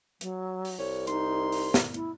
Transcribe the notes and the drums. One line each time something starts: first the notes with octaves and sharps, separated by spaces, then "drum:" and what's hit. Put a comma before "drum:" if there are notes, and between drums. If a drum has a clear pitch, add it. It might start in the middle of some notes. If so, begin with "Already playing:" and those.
F#3, drum: hi-hat
drum: open hi-hat
C2 C#5
D#4 C6, drum: hi-hat
drum: open hi-hat
drum: snare
E4, drum: hi-hat